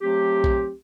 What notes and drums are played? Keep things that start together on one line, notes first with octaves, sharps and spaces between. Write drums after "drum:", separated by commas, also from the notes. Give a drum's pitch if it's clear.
F#3 A3 C4 G4
drum: kick A#1